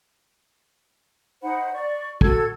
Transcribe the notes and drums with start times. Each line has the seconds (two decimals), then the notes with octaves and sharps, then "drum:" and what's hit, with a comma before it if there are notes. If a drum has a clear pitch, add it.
1.43 D#4 C5 F#5 B5
1.72 D5 C#6
2.21 F#4 A4 E6 G#6, drum: kick